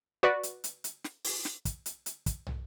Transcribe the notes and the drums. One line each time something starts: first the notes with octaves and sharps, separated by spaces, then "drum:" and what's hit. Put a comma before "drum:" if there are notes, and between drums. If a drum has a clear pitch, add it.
F#4 B4 D5
drum: hi-hat
drum: hi-hat
drum: hi-hat
drum: snare
drum: open hi-hat
drum: snare
drum: kick, hi-hat
drum: hi-hat
drum: hi-hat
drum: kick, hi-hat
drum: tom